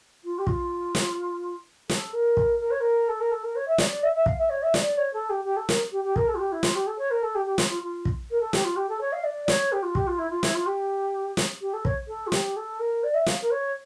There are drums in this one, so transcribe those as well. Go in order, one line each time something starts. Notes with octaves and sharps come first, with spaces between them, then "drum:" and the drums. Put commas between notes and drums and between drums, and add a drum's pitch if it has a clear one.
F4
G4
F4, drum: kick
drum: snare
A4, drum: snare
A#4
drum: kick
A#4
C#5
A#4
A4
A#4
A4
A#4
C#5
E5
D5, drum: snare
E5
E5
F5, drum: kick
E5
C#5
E5
D5, drum: snare
D5
C#5
A4
G4
G4
A4
A#4, drum: snare
G4
G4
A#4, drum: kick
A4
F4
G4
E4
F4, drum: snare
G4
A4
C#5
A#4
A4
G4
G4
F4, drum: snare
F4
F4
drum: kick
A#4
A4
G4, drum: snare
F4
G4
A4
C#5
F5
D5
C#5, drum: snare
G4
F4
G4, drum: kick
F4
E4
F4
E4, drum: snare
F4
G4
drum: snare
G4
A4
C#5, drum: kick
A4
F4
G4, drum: snare
A4
A#4
D5
E5
F5, drum: snare
A#4
C#5